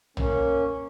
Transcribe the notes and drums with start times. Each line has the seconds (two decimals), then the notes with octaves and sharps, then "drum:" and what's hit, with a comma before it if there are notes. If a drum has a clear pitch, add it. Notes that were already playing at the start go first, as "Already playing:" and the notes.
0.17 A#3 C#4, drum: tom A#1